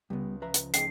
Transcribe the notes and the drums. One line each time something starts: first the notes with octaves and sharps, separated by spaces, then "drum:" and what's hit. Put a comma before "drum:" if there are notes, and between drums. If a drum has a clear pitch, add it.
C#2 G3 B3
F3 B4 E5 A#5
drum: hi-hat
A3 C#4 D#4 G#4 D#5 G5 C7, drum: hi-hat